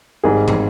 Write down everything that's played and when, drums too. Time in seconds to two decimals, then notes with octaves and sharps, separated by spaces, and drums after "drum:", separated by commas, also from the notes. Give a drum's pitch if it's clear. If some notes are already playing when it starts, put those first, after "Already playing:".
0.24 G#1 G#2 G3 G#4
0.48 drum: tom